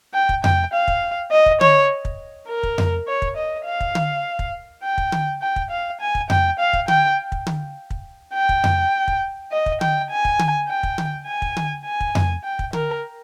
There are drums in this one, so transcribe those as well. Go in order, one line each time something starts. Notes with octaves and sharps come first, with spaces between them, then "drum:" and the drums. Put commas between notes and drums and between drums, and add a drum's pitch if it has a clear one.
G5
drum: kick
G5, drum: tom F2
F5
drum: kick
D#5
drum: kick
C#5, drum: tom D3
drum: kick
A#4
drum: kick
drum: tom F2
C#5
drum: kick
D#5
F5
drum: kick
drum: tom D3
drum: kick
G5
drum: kick
drum: tom D3
G5
drum: kick
F5
G#5
drum: kick
G5, drum: tom F2
F5
drum: kick
G5, drum: tom D3
drum: kick
drum: tom D3
drum: kick
G5
drum: kick
drum: tom F2
drum: kick
D#5
drum: kick
G5, drum: tom D3
G#5
drum: kick
drum: tom D3
G5
drum: kick
drum: tom D3
G#5
drum: kick
drum: tom D3
G#5
drum: kick
drum: tom F2
G5
drum: kick
A#4, drum: tom D3